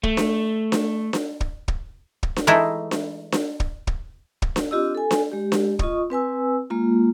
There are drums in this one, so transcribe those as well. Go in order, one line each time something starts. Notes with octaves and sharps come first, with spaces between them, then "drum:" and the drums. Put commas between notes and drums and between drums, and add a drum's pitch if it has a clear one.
A3, drum: kick
drum: snare D4
drum: snare D4
drum: snare D4
drum: kick
drum: kick
drum: kick
drum: snare D4
E3 G#3 A3 D#4 E4
drum: snare D4
drum: snare D4
drum: kick
drum: kick
drum: kick
drum: snare D4
C4 D4 F4 G4 D#5 E6
A4 G#5
drum: snare D4
G#3 G4
drum: snare D4
F4 D#5 C#6 D#6, drum: kick
C4 B4 G#5 E6
G#3 A#3 F4